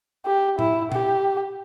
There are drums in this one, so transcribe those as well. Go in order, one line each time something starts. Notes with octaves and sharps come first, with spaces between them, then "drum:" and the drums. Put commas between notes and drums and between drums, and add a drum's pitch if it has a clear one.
G4
E4, drum: tom A2
G4, drum: tom A#2